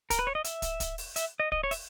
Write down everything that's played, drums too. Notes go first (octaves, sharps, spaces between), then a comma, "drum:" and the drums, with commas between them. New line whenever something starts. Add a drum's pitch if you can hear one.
A#4, drum: kick, hi-hat
B4
C#5
D#5
E5, drum: hi-hat
drum: kick, hi-hat
drum: kick, hi-hat
drum: open hi-hat
E5, drum: hi-hat
D#5
D#5, drum: kick
C#5
E5, drum: open hi-hat